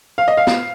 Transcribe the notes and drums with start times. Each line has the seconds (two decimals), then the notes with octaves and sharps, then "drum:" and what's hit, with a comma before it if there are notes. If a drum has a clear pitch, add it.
0.18 F5
0.28 D#5
0.37 F5
0.47 drum: snare